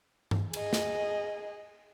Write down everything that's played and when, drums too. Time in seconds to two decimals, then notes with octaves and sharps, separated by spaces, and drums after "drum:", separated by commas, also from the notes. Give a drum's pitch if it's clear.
0.31 drum: tom G2
0.53 G#4 D#5, drum: cymbal
0.73 drum: snare